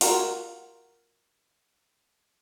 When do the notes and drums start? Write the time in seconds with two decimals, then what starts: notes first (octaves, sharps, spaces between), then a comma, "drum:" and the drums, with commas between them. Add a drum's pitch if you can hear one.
0.01 F4 F#4 A#4, drum: open hi-hat